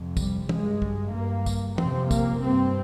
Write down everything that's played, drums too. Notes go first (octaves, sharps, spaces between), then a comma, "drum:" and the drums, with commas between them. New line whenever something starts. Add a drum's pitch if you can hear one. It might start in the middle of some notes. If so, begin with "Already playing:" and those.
Already playing: F2 C3
G3, drum: kick, tambourine
G2 G#3, drum: tom
drum: kick
G2 A#3
drum: kick, tambourine
F2 C3 C4, drum: tom
A#3, drum: kick, tambourine
G2 C4